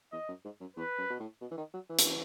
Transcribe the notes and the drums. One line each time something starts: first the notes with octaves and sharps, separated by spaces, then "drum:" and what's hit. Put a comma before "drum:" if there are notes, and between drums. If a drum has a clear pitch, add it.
E2 D#5
F#2
G#2
F#2
E2 B4
F#2
B2
A2
B2
E3
D#3
F#3
E3
drum: hi-hat